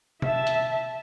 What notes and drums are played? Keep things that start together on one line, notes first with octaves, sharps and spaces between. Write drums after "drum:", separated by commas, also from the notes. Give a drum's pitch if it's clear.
E5 A5, drum: tom B2
drum: hi-hat